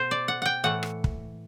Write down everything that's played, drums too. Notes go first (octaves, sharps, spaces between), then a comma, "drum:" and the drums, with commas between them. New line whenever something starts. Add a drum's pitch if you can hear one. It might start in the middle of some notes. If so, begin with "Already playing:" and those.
Already playing: B2 C5
D5
F#5
F#5 G5
A2 E3 A3 F#5
drum: rim click
drum: kick